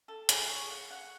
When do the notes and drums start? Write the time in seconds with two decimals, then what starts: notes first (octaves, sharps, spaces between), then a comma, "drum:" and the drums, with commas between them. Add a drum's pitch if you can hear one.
0.08 A4
0.29 G#4, drum: hi-hat
0.49 C#5
0.71 F#5
0.91 F#5